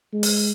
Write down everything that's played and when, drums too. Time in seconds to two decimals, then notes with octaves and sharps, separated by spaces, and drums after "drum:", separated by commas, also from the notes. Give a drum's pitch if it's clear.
0.13 G#3
0.23 drum: open hi-hat